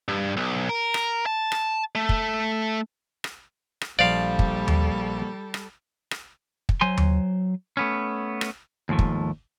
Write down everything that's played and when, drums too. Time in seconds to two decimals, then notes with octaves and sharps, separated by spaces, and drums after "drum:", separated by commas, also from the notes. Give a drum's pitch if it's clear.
0.08 G2
0.37 B1
0.69 A#4
0.94 drum: rim click
1.26 A5
1.52 drum: rim click
1.95 A3
2.09 drum: kick
3.24 drum: rim click
3.81 drum: rim click
3.99 A#1 F3 G3 A4 D5 F5
4.39 drum: kick
4.68 drum: tom D#2
5.54 drum: rim click
6.11 drum: rim click
6.69 drum: kick
6.81 F#3 C5 G#5 C6
6.98 drum: tom D#2
7.77 A3 B3 C#4
8.41 drum: rim click
8.89 D#2 G#2 F3 A3
8.99 drum: kick